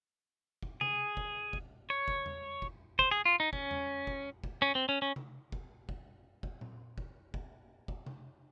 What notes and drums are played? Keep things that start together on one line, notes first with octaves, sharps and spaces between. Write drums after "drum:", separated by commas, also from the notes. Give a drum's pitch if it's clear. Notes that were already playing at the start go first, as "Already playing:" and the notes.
drum: kick F1
G#4, drum: tom C3
drum: kick F1
drum: kick F1
C#5
drum: kick F1
drum: tom E2
drum: kick F1
C5, drum: kick F1
G#4
F4
D#4
C#4, drum: kick F1
drum: tom E2
drum: kick F1
drum: kick F1
C#4
C4
C#4
C#4
drum: tom C3
drum: kick F1
drum: kick F1
drum: kick F1
drum: tom A#2
drum: kick F1
drum: kick F1
drum: kick F1
drum: tom C3